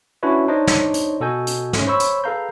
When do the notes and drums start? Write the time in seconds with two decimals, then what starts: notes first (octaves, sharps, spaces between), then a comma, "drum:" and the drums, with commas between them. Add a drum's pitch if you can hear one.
0.23 C#4 D4 E4 F#4 B4 C#5
0.48 D4 D#4 C5 C#5 D#5
0.67 drum: snare
0.94 drum: hi-hat
1.20 B2 F#4 A4 D#5 G#5 G6
1.47 drum: hi-hat
1.73 G#2 A3 C#4, drum: snare
1.87 C5 C#5 B5 C#6 E6
2.00 drum: hi-hat
2.24 G#4 A4 B4 F5 A#5 G6